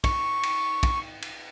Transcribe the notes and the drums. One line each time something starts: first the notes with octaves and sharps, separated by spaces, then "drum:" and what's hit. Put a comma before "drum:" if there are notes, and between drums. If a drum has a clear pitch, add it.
C#6, drum: kick, cymbal
drum: cymbal
drum: kick, cymbal
drum: cymbal